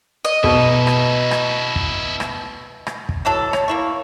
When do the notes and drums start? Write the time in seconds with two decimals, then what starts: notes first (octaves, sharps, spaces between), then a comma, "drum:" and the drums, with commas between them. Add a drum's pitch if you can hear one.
0.25 D#5
0.44 B2 D#4 E4, drum: kick
0.87 drum: rim click
1.31 drum: rim click
1.76 drum: kick
2.20 drum: rim click
2.87 drum: rim click
3.09 drum: kick
3.25 E3 F#3 A4 A5
3.53 C#5, drum: rim click
3.68 A#3 E4 C#6